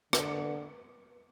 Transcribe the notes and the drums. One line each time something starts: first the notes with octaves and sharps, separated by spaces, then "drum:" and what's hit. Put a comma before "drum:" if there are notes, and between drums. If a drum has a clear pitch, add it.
D3, drum: rim click